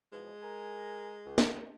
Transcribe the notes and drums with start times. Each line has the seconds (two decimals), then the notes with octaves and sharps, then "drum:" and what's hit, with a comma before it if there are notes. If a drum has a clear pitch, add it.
0.13 E2 B2 F3 G#3
0.43 A#4 G#5 A#5
1.25 C#2
1.38 drum: snare